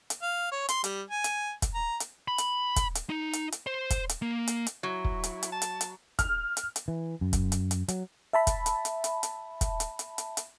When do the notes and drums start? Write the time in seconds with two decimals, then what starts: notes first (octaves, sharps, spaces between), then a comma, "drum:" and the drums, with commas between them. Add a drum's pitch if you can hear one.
0.10 drum: hi-hat
0.22 F5
0.52 C#5
0.69 C6, drum: hi-hat
0.84 G3, drum: hi-hat
1.10 G#5
1.24 drum: hi-hat
1.62 drum: kick, hi-hat
1.74 A#5
2.00 drum: hi-hat
2.28 B5
2.38 drum: hi-hat
2.76 drum: kick, hi-hat
2.95 drum: hi-hat
3.10 D#4
3.33 drum: hi-hat
3.52 drum: hi-hat
3.67 C5
3.90 drum: kick, hi-hat
4.09 drum: hi-hat
4.22 A#3 A#4
4.47 drum: hi-hat
4.67 drum: hi-hat
4.83 F#3 E4
5.05 drum: kick
5.24 drum: hi-hat
5.43 drum: hi-hat
5.52 A5
5.62 drum: hi-hat
5.81 drum: hi-hat
6.19 F6, drum: kick, hi-hat
6.57 drum: hi-hat
6.76 drum: hi-hat
6.88 E3
7.21 F#2
7.33 drum: kick, hi-hat
7.52 drum: hi-hat
7.71 drum: hi-hat
7.88 F#3, drum: hi-hat
8.33 E5 A5 B5
8.47 drum: kick, hi-hat
8.66 drum: hi-hat
8.85 drum: hi-hat
9.04 drum: hi-hat
9.23 drum: hi-hat
9.61 drum: kick, hi-hat
9.80 drum: hi-hat
9.99 drum: hi-hat
10.18 drum: hi-hat
10.37 drum: hi-hat